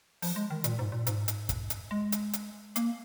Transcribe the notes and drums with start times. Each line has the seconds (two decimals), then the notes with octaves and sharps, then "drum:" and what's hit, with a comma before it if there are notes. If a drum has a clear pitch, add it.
0.22 F3, drum: open hi-hat
0.36 G#3
0.50 D#3
0.64 A#2, drum: hi-hat
0.79 G#2
0.92 A#2
1.07 G#2, drum: hi-hat
1.28 drum: hi-hat
1.49 drum: kick, hi-hat
1.70 drum: hi-hat
1.91 G#3
2.12 drum: hi-hat
2.33 drum: hi-hat
2.76 A#3, drum: hi-hat